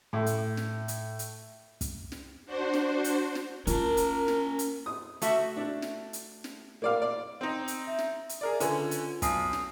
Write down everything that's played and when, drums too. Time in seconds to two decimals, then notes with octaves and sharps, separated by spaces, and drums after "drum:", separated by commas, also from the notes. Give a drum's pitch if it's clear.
0.13 A2
0.26 drum: hi-hat
0.57 drum: snare
0.88 drum: hi-hat
1.19 drum: hi-hat
1.81 drum: kick, hi-hat
2.12 drum: snare
2.46 D4 F#4 C5
2.73 drum: snare
3.04 drum: hi-hat
3.35 drum: snare
3.67 A#3 C#4 F4 A#4 A5, drum: hi-hat
3.97 drum: hi-hat
4.28 drum: snare
4.59 drum: hi-hat
4.86 D#6
5.22 A3 F#4 E5, drum: hi-hat
5.57 D4
5.82 drum: snare
6.13 drum: hi-hat
6.44 drum: snare
6.82 A#3 D5 F5
7.02 D5
7.41 C4 D#4
7.68 drum: hi-hat
7.87 E5
7.99 drum: snare
8.29 drum: hi-hat
8.41 G#4 A#4 D5
8.60 D3 C#4 F4 B4, drum: hi-hat
8.91 drum: hi-hat
9.22 B1 G#5 D#6 C7, drum: kick, hi-hat
9.53 drum: snare